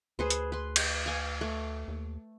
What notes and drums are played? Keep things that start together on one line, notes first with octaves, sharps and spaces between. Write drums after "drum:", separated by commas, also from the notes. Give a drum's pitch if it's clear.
D2 G#4 B4 C5
drum: hi-hat
B4 C6
drum: cymbal
F5 G#5
A3
D#2